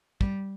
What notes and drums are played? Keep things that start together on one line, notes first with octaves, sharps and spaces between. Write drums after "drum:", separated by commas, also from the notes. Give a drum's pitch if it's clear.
G3, drum: kick